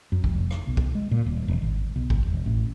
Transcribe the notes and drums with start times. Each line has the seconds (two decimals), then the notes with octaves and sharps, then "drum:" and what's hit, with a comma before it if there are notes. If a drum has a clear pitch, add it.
0.12 F#2
0.24 F1, drum: kick B1
0.51 drum: rim click
0.67 B1
0.77 drum: kick B1
0.95 G#3
1.11 A#2
1.26 D#1
1.48 E1
1.62 G#1
1.96 B1
2.10 G#1, drum: kick B1
2.26 E1
2.46 A1